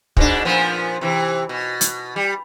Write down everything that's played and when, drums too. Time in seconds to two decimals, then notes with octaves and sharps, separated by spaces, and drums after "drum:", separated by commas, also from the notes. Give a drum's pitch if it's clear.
0.17 G#2 B2 D4, drum: kick
0.45 A#2 F3 B3
1.01 C3 E3
1.49 B2
1.81 drum: hi-hat
2.16 G3